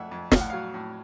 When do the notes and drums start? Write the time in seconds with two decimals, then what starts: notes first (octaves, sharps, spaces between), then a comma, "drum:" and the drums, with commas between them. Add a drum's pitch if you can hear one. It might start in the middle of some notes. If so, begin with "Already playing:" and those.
Already playing: F2 A3 E5 F#5
0.11 F2
0.32 A2 F5, drum: snare
0.41 F#5
0.50 F#3 F5
0.74 A2